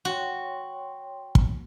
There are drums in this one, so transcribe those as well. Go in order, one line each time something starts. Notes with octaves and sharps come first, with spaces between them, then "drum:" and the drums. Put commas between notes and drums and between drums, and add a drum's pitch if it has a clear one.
F#4 C#5 G5 C6
drum: kick